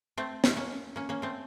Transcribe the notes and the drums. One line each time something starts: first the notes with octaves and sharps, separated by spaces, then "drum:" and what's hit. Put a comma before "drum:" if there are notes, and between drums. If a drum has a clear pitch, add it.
A3 C4
drum: snare
A#3 C#4
A#3 C#4
A#3 C#4
A3 C4